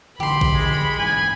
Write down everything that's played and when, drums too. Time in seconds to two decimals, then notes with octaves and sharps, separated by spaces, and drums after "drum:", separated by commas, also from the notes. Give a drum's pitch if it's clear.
0.20 A#1 D3 E3 G4 B5 C6
0.41 drum: kick A#1
0.54 G#3
0.98 G#2 E3 G#5